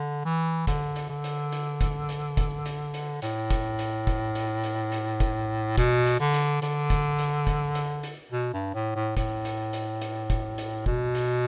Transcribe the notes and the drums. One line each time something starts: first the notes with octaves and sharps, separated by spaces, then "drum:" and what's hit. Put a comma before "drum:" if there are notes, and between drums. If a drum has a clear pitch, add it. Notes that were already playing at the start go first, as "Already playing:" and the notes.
Already playing: D3
E3
D3, drum: kick, hi-hat
drum: hi-hat
D3
drum: hi-hat
drum: hi-hat
drum: kick, hi-hat
drum: hi-hat
drum: kick, hi-hat
drum: hi-hat
drum: hi-hat
A2, drum: hi-hat
drum: kick, hi-hat
drum: hi-hat
drum: kick, hi-hat
drum: hi-hat
drum: hi-hat
drum: hi-hat
drum: kick, hi-hat
B2, drum: kick, hi-hat
drum: hi-hat
D3
drum: hi-hat
D3, drum: hi-hat
drum: kick, hi-hat
drum: hi-hat
drum: kick, hi-hat
drum: hi-hat
drum: hi-hat
B2
G2
A2
A2
A2, drum: kick, hi-hat
drum: hi-hat
drum: hi-hat
drum: hi-hat
drum: kick, hi-hat
drum: hi-hat
B2, drum: kick
drum: hi-hat